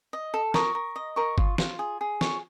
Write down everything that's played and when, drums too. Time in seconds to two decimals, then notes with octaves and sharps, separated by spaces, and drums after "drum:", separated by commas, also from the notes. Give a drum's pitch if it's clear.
0.13 D#5
0.34 A4
0.54 A#4 C#6 D#6, drum: snare
0.75 A#4
0.96 D#5
1.16 A#4 C#6 D#6
1.38 F4, drum: kick G1
1.58 F4, drum: snare
1.79 G#4
2.01 G#4
2.21 C#5, drum: snare